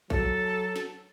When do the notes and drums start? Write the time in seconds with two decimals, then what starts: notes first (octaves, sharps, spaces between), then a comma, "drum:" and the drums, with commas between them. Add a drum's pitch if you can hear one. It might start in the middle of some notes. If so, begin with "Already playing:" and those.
0.10 F#3 A4, drum: kick A#1
0.76 drum: snare